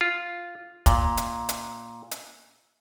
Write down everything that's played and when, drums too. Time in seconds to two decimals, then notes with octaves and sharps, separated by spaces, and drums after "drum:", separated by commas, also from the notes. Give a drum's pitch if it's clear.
0.01 F4
0.86 A#2, drum: kick, hi-hat
1.17 drum: hi-hat
1.49 drum: hi-hat
2.11 drum: hi-hat